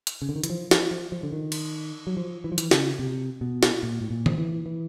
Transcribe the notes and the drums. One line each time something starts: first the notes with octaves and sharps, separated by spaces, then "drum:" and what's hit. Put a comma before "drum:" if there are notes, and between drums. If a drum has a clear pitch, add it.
drum: hi-hat
C#3
D3
D#3
E3, drum: hi-hat
F3
F3, drum: snare
F3
F3
D3
D#3
drum: cymbal
F#3
F3
E3
F3
E3, drum: hi-hat
C#3, drum: snare
C3
B2
drum: snare
A#2
A2
A#2
F3, drum: tom D#3
E3
E3